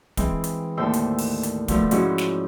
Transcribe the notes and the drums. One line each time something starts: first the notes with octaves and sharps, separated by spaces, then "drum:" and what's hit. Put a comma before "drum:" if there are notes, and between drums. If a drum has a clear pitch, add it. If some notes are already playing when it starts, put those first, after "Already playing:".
E3 G#3 C4, drum: kick, hi-hat
drum: hi-hat
D#2 A2 D3 C5 E6
drum: hi-hat
drum: open hi-hat
drum: hi-hat
B2 D3 F3 A3, drum: kick, hi-hat
G#2 F3 G#3 C#4 E4 F#4, drum: hi-hat
drum: snare